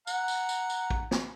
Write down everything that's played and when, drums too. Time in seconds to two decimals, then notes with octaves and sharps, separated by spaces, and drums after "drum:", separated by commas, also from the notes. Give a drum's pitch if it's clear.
0.07 F#5 A#5, drum: tambourine
0.28 drum: tambourine
0.49 drum: tambourine
0.70 drum: tambourine
0.90 drum: kick
1.11 drum: snare